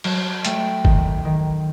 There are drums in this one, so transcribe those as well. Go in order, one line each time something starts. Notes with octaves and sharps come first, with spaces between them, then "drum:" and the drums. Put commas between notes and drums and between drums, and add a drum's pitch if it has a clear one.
F#3 A5, drum: cymbal
A3 G5, drum: hi-hat
D#3, drum: kick G1
D#3